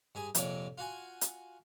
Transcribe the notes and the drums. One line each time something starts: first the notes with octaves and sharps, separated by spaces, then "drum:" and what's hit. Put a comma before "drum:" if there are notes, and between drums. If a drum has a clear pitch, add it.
G2 G#4 G#5
A#1 F2 C3 A#3 C#5 D5, drum: hi-hat
F4 F#4 G#5
drum: hi-hat